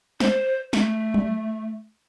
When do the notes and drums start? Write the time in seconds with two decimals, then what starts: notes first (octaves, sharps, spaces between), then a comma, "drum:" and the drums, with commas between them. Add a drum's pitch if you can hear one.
0.20 C5, drum: snare
0.73 A3, drum: snare
1.14 drum: tom F#3